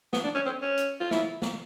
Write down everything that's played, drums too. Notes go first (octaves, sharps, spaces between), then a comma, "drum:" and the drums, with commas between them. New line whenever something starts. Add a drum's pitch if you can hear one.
B3, drum: snare
D4
C#4
C4
C#4
drum: hi-hat
F4
E4, drum: snare
drum: snare